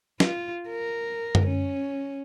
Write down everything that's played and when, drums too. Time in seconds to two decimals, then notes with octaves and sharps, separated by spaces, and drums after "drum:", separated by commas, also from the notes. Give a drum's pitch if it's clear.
0.20 F4, drum: snare
0.69 A#4
1.35 drum: tom F#2
1.47 C#4